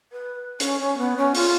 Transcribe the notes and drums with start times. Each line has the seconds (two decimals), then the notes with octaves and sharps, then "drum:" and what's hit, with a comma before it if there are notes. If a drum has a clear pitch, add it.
0.12 B4
0.60 C#4, drum: hi-hat
0.79 C#4
0.97 B3
1.16 C#4
1.35 F4, drum: open hi-hat